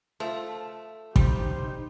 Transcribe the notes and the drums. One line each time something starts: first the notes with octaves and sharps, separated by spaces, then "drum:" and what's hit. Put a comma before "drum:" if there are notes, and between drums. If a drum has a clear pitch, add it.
F3 A3
G3 D#4 G4 C5, drum: kick